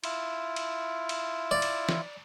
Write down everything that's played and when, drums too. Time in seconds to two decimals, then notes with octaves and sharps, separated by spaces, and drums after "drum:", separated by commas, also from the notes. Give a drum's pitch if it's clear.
0.04 E4 F4, drum: cymbal
0.56 drum: cymbal
1.09 drum: cymbal
1.51 D5
1.62 drum: cymbal
1.89 drum: snare